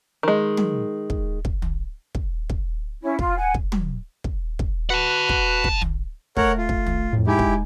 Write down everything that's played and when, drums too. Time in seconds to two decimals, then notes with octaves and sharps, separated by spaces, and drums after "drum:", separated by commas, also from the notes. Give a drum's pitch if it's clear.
0.23 D#3 G#3
0.57 drum: tom
1.10 drum: kick
1.45 drum: kick
1.62 drum: tom
2.15 drum: kick
2.50 drum: kick
3.02 C#4 E4
3.19 F4, drum: kick
3.37 F#5 G#5
3.54 drum: kick
3.72 drum: tom
4.24 drum: kick
4.59 drum: kick
4.90 F#4 B4 F#5 A5
5.29 drum: kick
5.64 drum: kick
5.82 drum: tom
6.37 A3 A#4 C#5 F#5, drum: kick
6.58 F4
6.69 drum: kick
6.86 drum: tom
7.13 F2 A2
7.27 G#3 D#4 E4 G4 G#5
7.39 drum: kick